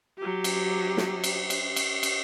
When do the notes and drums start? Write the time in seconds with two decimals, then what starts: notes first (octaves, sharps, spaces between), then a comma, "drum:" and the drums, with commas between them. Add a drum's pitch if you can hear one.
0.18 F#3 G4
0.44 drum: cymbal
0.97 drum: snare
1.24 drum: cymbal
1.50 drum: cymbal
1.76 drum: cymbal
2.03 drum: cymbal